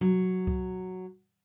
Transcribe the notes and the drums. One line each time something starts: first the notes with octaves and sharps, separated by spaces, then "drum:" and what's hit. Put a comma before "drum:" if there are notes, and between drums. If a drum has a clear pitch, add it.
F#3, drum: tom
drum: kick C2